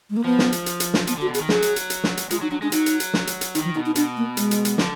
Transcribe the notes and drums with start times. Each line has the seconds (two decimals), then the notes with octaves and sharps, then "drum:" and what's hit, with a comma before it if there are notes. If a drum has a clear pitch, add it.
0.10 G#3
0.17 A#3
0.24 F3 B3
0.39 drum: snare
0.52 drum: hi-hat
0.66 drum: hi-hat
0.80 drum: hi-hat
0.94 drum: snare
1.07 F3 B3, drum: hi-hat
1.17 D3 F#4
1.27 B2
1.35 G#4, drum: hi-hat
1.39 D#3
1.49 F#3 G#4, drum: snare
1.62 drum: hi-hat
1.76 drum: hi-hat
1.90 drum: hi-hat
2.04 drum: snare
2.17 drum: hi-hat
2.31 G#3 F4, drum: hi-hat
2.41 F#3 D#4
2.51 F#3 D4
2.62 G#3 D4
2.72 F#3 D#4, drum: hi-hat
2.86 drum: hi-hat
3.00 drum: hi-hat
3.14 drum: snare
3.27 drum: hi-hat
3.41 drum: hi-hat
3.55 D#3 D#4, drum: hi-hat
3.65 F3
3.75 B2 D#4
3.86 D#4
3.95 B2 D4, drum: hi-hat
4.17 A#3
4.37 G#3, drum: hi-hat
4.51 drum: hi-hat
4.65 drum: hi-hat
4.78 D3, drum: snare